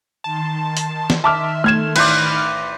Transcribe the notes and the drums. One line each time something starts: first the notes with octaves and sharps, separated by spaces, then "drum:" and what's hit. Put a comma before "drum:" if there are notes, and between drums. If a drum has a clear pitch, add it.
D#3 A5 C6
drum: hi-hat
drum: snare
E5 A5 D6 F6
A3 F6 G#6 E7
A1 B4 C5 D5 F6, drum: cymbal